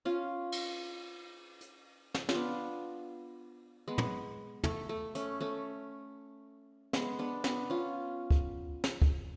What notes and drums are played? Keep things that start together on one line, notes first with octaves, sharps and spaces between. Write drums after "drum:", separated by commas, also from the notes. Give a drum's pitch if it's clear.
C#4 F4
drum: cymbal
drum: hi-hat
drum: snare
F4, drum: snare
B3 D4
G#3 B3
drum: tom
A3, drum: tom
A3
A3 C#4, drum: hi-hat
A3 C#4
G#3 B3, drum: snare
B3 D4
B3 D4, drum: snare
C#4 F4
drum: kick
drum: snare
drum: kick